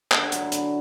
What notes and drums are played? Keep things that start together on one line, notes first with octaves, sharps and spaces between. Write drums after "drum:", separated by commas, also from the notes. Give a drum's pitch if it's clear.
D3 F#4, drum: clap
F#3, drum: hi-hat
E4
D3 D4, drum: hi-hat